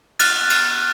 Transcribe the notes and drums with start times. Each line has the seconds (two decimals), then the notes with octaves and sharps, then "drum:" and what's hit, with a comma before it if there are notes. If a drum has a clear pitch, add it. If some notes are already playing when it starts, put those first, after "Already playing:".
0.19 F6 F#6 A6, drum: cymbal
0.50 drum: cymbal